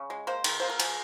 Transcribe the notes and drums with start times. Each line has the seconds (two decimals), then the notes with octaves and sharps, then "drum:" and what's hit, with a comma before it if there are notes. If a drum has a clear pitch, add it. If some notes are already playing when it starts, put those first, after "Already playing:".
Already playing: C#3
0.10 G#3
0.27 A#3 C5
0.44 D#3, drum: cymbal
0.60 A#3 C5
0.70 A#4
0.80 F3 G#4, drum: cymbal